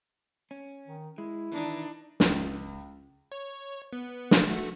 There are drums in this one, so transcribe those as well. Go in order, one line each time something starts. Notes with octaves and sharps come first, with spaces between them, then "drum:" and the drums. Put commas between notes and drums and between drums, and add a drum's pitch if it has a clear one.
C#4
D#3
G#3 E4
D#3 E3 D4 D#4
C#2, drum: snare
C#5
B3
drum: snare
A3 F#4